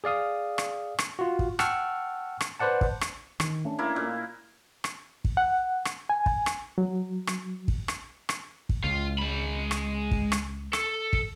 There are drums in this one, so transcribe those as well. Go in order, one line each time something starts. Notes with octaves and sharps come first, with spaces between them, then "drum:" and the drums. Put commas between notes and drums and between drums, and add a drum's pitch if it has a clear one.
G#4 D5 F5 D#6
drum: rim click
drum: rim click
F4 F#4
drum: kick
F#5 G5 A5 C#6 E6 F6, drum: rim click
drum: rim click
B4 C5 D5 F#5 A5
drum: kick
drum: rim click
D#3, drum: rim click
A3 C#4 D4
A#3 E4
A#2
drum: rim click
drum: kick
F#5
drum: rim click
G#5
drum: kick
drum: rim click
F#3
drum: rim click
drum: kick
drum: rim click
drum: rim click
drum: kick
C#2 F4
G#3 B5
drum: rim click
drum: kick
drum: rim click
A4, drum: rim click
drum: kick